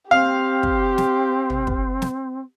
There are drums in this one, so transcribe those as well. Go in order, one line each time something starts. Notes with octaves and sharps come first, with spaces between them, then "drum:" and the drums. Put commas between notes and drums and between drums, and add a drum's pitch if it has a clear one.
C4 G4 F5
drum: kick
drum: snare
drum: tom
drum: kick
drum: snare